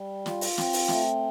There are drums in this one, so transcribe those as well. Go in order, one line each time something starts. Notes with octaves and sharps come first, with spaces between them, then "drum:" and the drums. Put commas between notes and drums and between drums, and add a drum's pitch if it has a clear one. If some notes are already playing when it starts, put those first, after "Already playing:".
Already playing: G3
F4, drum: snare
drum: open hi-hat
C4, drum: snare
drum: open hi-hat
A3, drum: snare